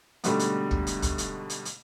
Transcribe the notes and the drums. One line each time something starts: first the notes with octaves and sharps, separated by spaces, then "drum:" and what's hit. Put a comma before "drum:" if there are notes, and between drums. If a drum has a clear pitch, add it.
G#2 B2 D3 G3 A3, drum: hi-hat
drum: hi-hat
drum: kick
drum: hi-hat
drum: kick, hi-hat
drum: hi-hat
drum: hi-hat
drum: hi-hat